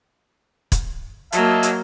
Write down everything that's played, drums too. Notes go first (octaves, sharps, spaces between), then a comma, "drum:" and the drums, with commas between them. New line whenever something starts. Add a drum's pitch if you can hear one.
drum: kick, hi-hat
F#3 A#3 D#5 E5 A5, drum: hi-hat
drum: hi-hat